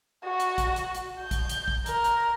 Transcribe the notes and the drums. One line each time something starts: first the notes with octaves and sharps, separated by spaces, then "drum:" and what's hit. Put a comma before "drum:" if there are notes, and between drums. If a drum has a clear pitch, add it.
F#4
drum: hi-hat
drum: kick A#1, hi-hat
drum: hi-hat
drum: hi-hat
G6
drum: kick A#1, hi-hat
drum: hi-hat
drum: kick A#1
A#4, drum: hi-hat
drum: hi-hat